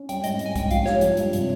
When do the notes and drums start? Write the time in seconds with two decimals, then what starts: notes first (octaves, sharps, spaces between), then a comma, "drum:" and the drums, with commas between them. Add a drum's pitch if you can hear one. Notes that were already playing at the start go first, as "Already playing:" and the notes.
Already playing: C#4
0.09 G3 G5, drum: hi-hat
0.24 G#2 D#5, drum: hi-hat
0.39 G#2, drum: hi-hat
0.46 G#5
0.56 G#2 G5, drum: kick B1, hi-hat
0.71 F3 F5, drum: hi-hat
0.86 G4 C#5, drum: snare
1.01 F3, drum: hi-hat
1.17 G2, drum: hi-hat
1.33 C3, drum: hi-hat